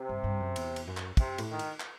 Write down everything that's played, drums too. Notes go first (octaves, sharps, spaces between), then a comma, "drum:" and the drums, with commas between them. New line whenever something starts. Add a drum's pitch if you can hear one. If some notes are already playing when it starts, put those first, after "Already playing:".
Already playing: C3
G2
G2
F#2
E2, drum: cymbal
drum: cymbal
F#2
drum: clap
F#2 C3, drum: kick, cymbal
A2, drum: cymbal
D#3
drum: cymbal
drum: clap